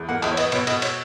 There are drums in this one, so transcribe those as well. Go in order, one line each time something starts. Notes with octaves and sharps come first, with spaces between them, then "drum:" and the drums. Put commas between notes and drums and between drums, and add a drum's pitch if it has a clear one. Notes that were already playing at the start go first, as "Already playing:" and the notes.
Already playing: E2
A#3 F#5
E2 E5, drum: clap
C#5
B3 D#5, drum: cymbal
B2 C#5, drum: cymbal
B2 D#5, drum: cymbal
C#5, drum: cymbal